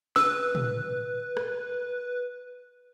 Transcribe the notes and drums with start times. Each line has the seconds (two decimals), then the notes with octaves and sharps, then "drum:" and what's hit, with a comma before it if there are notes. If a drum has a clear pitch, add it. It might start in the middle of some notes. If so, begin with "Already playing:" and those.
0.16 B4 E6, drum: snare
0.55 drum: tom
1.37 drum: rim click